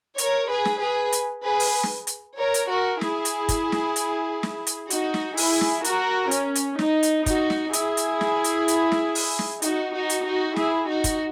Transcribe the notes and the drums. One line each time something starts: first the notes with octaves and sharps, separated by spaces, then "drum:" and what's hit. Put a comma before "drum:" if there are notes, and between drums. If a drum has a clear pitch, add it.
A#4 C#5, drum: hi-hat
G#4 B4
drum: snare
G#4 B4
drum: hi-hat
G#4 B4
drum: open hi-hat
drum: snare
drum: hi-hat
A#4 C#5
drum: hi-hat
F#4 A#4
E4 G#4, drum: snare
drum: hi-hat
drum: kick, hi-hat
drum: snare
drum: hi-hat
drum: snare
drum: hi-hat
D#4 F#4, drum: hi-hat
drum: snare
E4 G#4, drum: open hi-hat
drum: snare
F#4 A#4, drum: hi-hat
C#4, drum: hi-hat
drum: hi-hat
D#4, drum: snare
drum: hi-hat
D#4 F#4, drum: kick, hi-hat
drum: snare
E4 G#4, drum: hi-hat
drum: hi-hat
drum: snare
drum: hi-hat
drum: hi-hat
drum: snare
drum: open hi-hat
drum: snare
D#4 F#4, drum: hi-hat
D#4 F#4
drum: hi-hat
D#4 F#4
E4 G#4, drum: snare
D#4 F#4
drum: kick, hi-hat